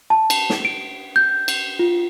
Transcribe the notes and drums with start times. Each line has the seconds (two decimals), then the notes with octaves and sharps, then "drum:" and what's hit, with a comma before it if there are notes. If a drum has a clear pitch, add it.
0.10 A5
0.30 drum: cymbal
0.50 drum: snare
0.65 D7
1.16 G6
1.48 drum: cymbal
1.79 F4